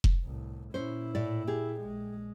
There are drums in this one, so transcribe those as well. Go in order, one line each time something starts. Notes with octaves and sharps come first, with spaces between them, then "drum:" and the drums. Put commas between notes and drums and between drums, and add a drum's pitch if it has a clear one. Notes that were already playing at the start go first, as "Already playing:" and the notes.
drum: kick F1
C2 A2
A#2 C#4 E4 C5
A2 D5
G4 G#4
A#1 G#3